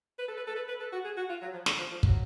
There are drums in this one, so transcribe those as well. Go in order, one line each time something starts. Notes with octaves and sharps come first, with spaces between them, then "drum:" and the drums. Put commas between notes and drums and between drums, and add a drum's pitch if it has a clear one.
B4
A4
B4
A4
B4
B4
A4
F#4
G#4
F#4
F4
F#3
F3
D3, drum: snare
F3
F3
F#3, drum: kick